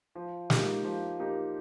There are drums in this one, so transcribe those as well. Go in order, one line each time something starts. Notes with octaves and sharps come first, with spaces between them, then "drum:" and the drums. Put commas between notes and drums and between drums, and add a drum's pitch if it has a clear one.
F3
A#3 D#4 G4, drum: snare
F3
A#3 D#4 G4